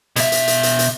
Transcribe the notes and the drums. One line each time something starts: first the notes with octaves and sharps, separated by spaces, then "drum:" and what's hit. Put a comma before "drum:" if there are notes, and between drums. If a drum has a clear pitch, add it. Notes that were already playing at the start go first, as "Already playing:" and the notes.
B2 E5, drum: hi-hat
drum: hi-hat
drum: hi-hat
drum: hi-hat
drum: hi-hat